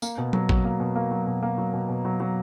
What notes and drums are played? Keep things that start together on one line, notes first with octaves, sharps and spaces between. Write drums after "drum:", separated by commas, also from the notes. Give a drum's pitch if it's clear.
A#3, drum: tambourine
B2
F#3, drum: tom
F#3, drum: kick
A#3
B2
A#3
F#3
B2
A#3
F#3
B2
B2
F#3
F#3